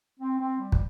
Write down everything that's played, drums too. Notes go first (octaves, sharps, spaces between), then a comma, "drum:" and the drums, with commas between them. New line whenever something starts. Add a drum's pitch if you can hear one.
C4
C4
G3
drum: kick